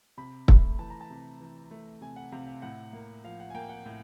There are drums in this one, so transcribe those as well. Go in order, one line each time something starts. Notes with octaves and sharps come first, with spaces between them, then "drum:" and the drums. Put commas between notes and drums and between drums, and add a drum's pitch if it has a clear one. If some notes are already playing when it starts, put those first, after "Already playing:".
C3 B5
A3, drum: kick
E3 A5
A#5
A5
C3
E3
A3
C3 G#5
F#5
C3 F5
F5
A2 F#5
A#3
F3 F5
F#5
G#5
A#3 G5
F#5
A2